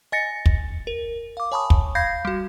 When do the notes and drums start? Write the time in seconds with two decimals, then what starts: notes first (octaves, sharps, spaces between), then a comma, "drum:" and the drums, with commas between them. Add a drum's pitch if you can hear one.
0.12 D#5 G#5 A6 A#6 C#7
0.46 drum: kick
0.87 A#4
1.37 F5 D6
1.52 C#5 G#5 A5 B5 C#6 D#6
1.70 drum: kick
1.95 F5 B5 G6 G#6 A#6 C7
2.25 G3 F#4